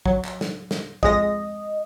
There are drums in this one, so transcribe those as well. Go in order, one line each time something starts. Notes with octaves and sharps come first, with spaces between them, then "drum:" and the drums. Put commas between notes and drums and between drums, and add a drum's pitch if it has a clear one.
F#3, drum: kick
drum: clap
drum: snare
drum: snare
F2 G#3 D#5 A#6, drum: kick